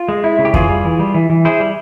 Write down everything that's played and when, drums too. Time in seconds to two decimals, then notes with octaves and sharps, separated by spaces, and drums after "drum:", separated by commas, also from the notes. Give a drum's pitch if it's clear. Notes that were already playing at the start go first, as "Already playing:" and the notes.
Already playing: F4
0.08 G#3
0.24 E4
0.39 C#3
0.45 G4
0.54 E3 F4 G#4, drum: kick F2
0.69 G3
0.85 E3
0.99 G3
1.14 E3
1.30 E3
1.45 E4 G#4 C5
1.60 G3